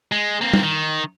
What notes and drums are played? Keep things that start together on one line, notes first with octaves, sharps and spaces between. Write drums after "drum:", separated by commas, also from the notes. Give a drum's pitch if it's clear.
G#3
A#3 C4
drum: tom
D#3